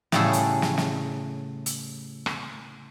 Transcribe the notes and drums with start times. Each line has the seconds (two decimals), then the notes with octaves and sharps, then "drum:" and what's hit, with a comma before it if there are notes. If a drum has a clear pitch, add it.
0.12 A2 C#3 G3 F#4 G#4 A4, drum: snare
0.33 drum: hi-hat
0.62 drum: snare
0.78 drum: snare
1.66 drum: hi-hat
2.26 drum: rim click